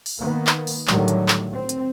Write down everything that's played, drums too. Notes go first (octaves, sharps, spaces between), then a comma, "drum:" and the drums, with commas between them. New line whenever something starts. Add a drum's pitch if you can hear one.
drum: open hi-hat
D#3 A#3 B3
drum: clap
drum: open hi-hat
A2 D3 D#3 F#3 G3, drum: clap
drum: hi-hat
drum: clap
C4
drum: hi-hat